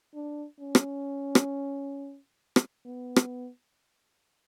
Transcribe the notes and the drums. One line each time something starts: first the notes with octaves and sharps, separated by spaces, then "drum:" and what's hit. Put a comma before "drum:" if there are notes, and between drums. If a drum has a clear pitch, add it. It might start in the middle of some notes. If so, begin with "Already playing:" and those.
D4
C#4
drum: rim click
drum: rim click
drum: rim click
B3
drum: rim click